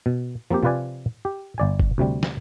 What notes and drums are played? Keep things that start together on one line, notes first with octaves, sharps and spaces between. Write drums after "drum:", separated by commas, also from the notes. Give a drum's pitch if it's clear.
B2
F3 A#3 C4 G4
C3 F3 F4 B4 D5 G#5
G4
G1 D5 G#5
drum: kick F#1
D2 C3 G3
drum: snare